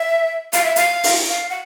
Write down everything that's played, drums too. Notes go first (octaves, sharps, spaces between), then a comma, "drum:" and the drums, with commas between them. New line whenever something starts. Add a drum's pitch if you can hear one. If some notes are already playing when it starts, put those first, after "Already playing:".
Already playing: E5
F5, drum: hi-hat
E5
F5, drum: hi-hat
drum: open hi-hat
F5
F#5